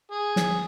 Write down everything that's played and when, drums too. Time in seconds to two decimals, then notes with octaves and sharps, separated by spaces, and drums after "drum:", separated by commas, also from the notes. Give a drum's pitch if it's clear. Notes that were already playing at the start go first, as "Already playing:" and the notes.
0.12 G#4
0.36 drum: snare